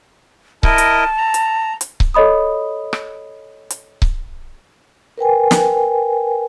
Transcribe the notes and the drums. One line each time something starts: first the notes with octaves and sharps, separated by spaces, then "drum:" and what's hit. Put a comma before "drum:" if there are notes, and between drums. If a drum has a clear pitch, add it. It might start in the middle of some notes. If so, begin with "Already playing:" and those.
E4 A#4 D#5 A5, drum: kick C#1
drum: hi-hat
A#5
drum: hi-hat
drum: hi-hat
drum: kick C#1
A4 C#5 D#5 B5 D#6
drum: rim click
drum: hi-hat
drum: kick C#1
A#4 B4 G5 G#5
drum: snare